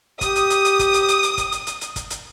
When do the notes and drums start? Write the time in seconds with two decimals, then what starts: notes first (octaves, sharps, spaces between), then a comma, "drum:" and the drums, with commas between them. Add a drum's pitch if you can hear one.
0.21 G4 D#6, drum: kick, hi-hat
0.36 drum: hi-hat
0.50 drum: hi-hat
0.65 drum: hi-hat
0.79 drum: kick, hi-hat
0.94 drum: hi-hat
1.08 drum: hi-hat
1.23 drum: hi-hat
1.38 drum: kick, hi-hat
1.52 drum: hi-hat
1.67 drum: hi-hat
1.81 drum: hi-hat
1.96 drum: kick, hi-hat
2.10 drum: hi-hat